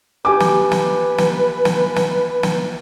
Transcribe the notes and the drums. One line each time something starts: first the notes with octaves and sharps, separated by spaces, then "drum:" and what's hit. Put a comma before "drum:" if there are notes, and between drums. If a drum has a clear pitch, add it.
G4 B4 G#5 D6
drum: snare
drum: snare
drum: snare
drum: snare
drum: snare
drum: snare